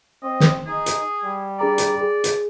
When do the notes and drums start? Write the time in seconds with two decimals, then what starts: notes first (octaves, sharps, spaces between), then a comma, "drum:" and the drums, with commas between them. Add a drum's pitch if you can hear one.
0.23 C4 D#5
0.40 drum: snare
0.67 D#4 G#4
0.86 drum: hi-hat
1.24 G3
1.59 D4 G#4 D5 A#5
1.78 drum: hi-hat
2.01 G#4
2.24 drum: hi-hat